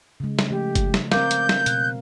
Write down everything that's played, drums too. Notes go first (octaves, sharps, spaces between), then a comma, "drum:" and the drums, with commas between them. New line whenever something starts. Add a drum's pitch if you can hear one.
C#3 G#3
drum: snare
F3 A3 G4
drum: kick F#1, hi-hat
drum: snare
C4 A#4 F5 D6 G6, drum: snare
drum: hi-hat
drum: snare
B2 F#6, drum: hi-hat